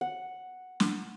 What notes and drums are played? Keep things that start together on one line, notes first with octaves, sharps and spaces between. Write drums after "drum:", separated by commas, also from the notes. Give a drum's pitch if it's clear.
F#5
drum: snare